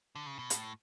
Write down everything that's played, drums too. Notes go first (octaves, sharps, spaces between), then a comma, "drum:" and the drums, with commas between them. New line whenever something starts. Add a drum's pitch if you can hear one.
D3
C#3
B2
A2, drum: hi-hat